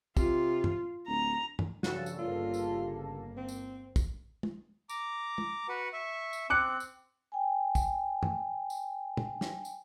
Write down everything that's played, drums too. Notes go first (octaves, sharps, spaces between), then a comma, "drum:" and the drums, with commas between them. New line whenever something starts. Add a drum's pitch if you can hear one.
C3 F4, drum: kick, tambourine
drum: tom
D1 A#5
drum: tom
G2 C#3 F3 F#4 A4, drum: snare
drum: tambourine
G1 A#3 F4
drum: tambourine
C4
drum: tambourine
drum: kick, tambourine
drum: tom
A#5 D6, drum: tambourine
drum: tom
F#4 B4 F#5
E5 C#6
drum: tambourine
C4 D6 F#6 C#7
drum: tambourine
G5 G#5
drum: kick, tambourine
drum: tom
drum: tambourine
drum: tom
drum: snare
drum: tambourine